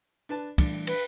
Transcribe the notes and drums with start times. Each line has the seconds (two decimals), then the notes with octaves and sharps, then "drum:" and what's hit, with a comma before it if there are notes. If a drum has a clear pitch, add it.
0.29 D4 B4 A5
0.58 E3 G3 A3 D4, drum: kick, cymbal
0.87 B4, drum: cymbal